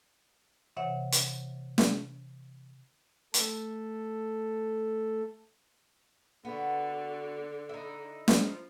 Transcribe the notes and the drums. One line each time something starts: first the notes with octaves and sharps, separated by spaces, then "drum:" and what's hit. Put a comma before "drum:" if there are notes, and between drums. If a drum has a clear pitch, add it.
C3 E3 C#5 E5 F#5
drum: hi-hat
drum: snare
A3 A4, drum: hi-hat
D3 B3 F#4
D#4 E4
F3, drum: snare